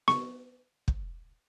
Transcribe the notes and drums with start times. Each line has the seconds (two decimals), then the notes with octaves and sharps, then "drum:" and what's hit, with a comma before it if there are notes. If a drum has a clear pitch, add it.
0.08 C#6, drum: snare B3
0.88 drum: kick